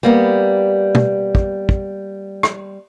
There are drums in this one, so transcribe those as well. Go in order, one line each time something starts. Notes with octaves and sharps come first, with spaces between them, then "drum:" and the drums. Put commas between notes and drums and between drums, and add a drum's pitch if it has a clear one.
G3 A#3 B3
drum: tom B2
drum: kick
drum: kick
drum: rim click